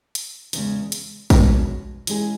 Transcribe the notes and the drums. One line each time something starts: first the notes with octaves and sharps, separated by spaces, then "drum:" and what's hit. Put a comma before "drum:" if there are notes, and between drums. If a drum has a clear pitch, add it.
drum: hi-hat
E2 C#3 G#3, drum: hi-hat
drum: hi-hat
B2 G#3 C#4 F#4 B4, drum: kick, hi-hat
E3 G#3 C#4 G#4, drum: hi-hat